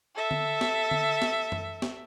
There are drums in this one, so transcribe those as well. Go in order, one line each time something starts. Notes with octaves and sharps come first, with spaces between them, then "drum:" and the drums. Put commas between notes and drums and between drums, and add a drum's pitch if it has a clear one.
A4 E5
drum: tom D3
drum: snare
drum: tom D3
drum: snare
drum: tom F#2
drum: snare